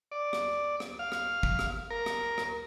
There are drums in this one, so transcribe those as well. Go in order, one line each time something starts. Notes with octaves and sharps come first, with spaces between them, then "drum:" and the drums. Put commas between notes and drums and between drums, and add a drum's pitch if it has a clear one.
D5
drum: rim click
drum: rim click
F5
drum: rim click
drum: kick
drum: rim click
A#4
drum: rim click
drum: rim click